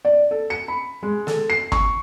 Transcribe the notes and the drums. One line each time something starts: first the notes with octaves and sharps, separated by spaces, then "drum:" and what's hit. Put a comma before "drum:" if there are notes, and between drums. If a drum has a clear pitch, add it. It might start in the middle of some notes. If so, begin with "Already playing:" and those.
D5
A4
C#7
B5
G#3
A4, drum: snare
C7
C#6, drum: kick